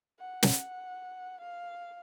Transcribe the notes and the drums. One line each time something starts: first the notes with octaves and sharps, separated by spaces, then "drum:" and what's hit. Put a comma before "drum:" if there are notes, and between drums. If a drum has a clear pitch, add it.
F#5
drum: snare
F5